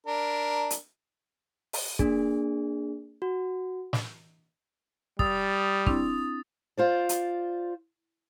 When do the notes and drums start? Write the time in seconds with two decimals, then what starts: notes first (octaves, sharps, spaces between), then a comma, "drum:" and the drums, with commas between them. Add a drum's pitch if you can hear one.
0.07 D4 A#4
0.70 drum: hi-hat
1.73 drum: open hi-hat
1.99 A#3 D4 G#4, drum: kick
3.22 F#4
3.93 drum: snare
5.19 G3 D#6 E6 A6, drum: kick
5.86 C4 D4 E4, drum: kick
6.78 F4 C5 D5
7.09 drum: hi-hat